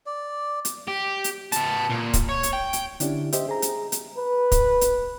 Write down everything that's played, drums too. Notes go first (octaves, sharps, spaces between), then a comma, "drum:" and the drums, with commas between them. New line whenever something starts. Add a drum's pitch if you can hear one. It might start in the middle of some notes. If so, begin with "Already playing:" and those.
D5
drum: hi-hat
G4
drum: hi-hat
B3 A5, drum: hi-hat
A#2
drum: kick, hi-hat
C#5
drum: hi-hat
G5
drum: hi-hat
D3 C#4 D4 E4 G4, drum: hi-hat
G4 C5 D#5 E5, drum: hi-hat
G#4 A#5
drum: hi-hat
drum: hi-hat
B4
drum: kick, hi-hat
drum: hi-hat